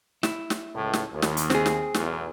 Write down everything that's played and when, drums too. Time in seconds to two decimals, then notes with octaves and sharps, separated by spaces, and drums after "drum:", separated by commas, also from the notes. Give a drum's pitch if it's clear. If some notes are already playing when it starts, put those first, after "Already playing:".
0.23 E4, drum: snare
0.50 drum: snare
0.75 C#2 A2
0.93 drum: snare
1.13 D#2
1.22 drum: snare
1.37 drum: hi-hat
1.50 C4 G#4, drum: snare
1.66 drum: snare
1.94 B1 E2, drum: snare